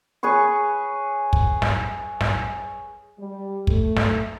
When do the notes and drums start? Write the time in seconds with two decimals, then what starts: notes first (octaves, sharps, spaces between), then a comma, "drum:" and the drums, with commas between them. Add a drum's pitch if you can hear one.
0.23 G#4 B4 C#5 C#6
1.33 drum: kick
1.62 drum: snare
2.21 drum: snare
3.18 G3
3.67 A3, drum: kick
3.97 drum: snare